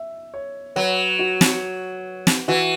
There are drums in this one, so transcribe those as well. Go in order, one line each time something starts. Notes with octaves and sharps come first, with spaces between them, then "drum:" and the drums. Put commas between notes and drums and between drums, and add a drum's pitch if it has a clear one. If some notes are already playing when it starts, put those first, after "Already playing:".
Already playing: E5
C#5
F#3 B4
F#4
drum: snare
drum: snare
E3 F#4